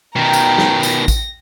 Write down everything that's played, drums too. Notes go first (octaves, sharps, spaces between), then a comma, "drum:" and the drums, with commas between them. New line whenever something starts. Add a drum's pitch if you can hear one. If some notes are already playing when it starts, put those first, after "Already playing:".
B2 D#3 G5 A#5
drum: tambourine
drum: snare
A#6, drum: tambourine
drum: kick A1, tambourine